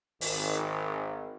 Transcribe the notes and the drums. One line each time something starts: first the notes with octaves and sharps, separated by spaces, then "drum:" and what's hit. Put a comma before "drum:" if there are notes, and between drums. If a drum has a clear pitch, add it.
G#1, drum: open hi-hat